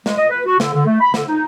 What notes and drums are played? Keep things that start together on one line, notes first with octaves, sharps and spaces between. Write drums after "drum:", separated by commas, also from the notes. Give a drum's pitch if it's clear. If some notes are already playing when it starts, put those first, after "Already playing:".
G#3, drum: snare
D#5
B4
F#4
D3, drum: snare
D3
A3
B5
D3, drum: snare
D#4